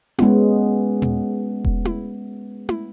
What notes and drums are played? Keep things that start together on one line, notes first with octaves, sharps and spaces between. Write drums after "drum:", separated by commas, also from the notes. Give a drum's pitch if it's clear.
G#3 B3 C#4, drum: tom E4
drum: tom A#2
drum: kick E1
drum: tom E4
drum: tom E4